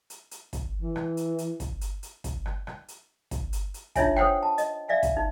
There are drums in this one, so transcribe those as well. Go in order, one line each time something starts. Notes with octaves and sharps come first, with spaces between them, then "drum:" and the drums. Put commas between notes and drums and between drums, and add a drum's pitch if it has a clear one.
drum: hi-hat
drum: hi-hat
drum: kick, hi-hat
E3
drum: rim click
drum: hi-hat
drum: hi-hat
drum: kick, hi-hat
drum: hi-hat
drum: hi-hat
drum: kick, hi-hat
drum: rim click
drum: rim click
drum: hi-hat
drum: kick, hi-hat
drum: hi-hat
drum: hi-hat
D4 D#4 F4 C#5 E5 G#5, drum: kick, hi-hat
A4 C5 C#5 F#5 G5, drum: rim click
A5
D#5, drum: hi-hat
D5 E5 F5 G#5
drum: kick, hi-hat
D#4